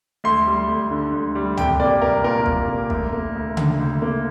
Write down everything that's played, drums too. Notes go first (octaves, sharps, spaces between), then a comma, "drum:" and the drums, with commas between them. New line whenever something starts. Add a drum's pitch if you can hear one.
D2 C6
G3
D2
D3
D2
G3
C2 G5, drum: tom
A#3 D5
C2 A#4
A#2 A#4
C2, drum: kick
A#3
D2, drum: kick
A#3
D2
D3, drum: tom C#3
D2
A#3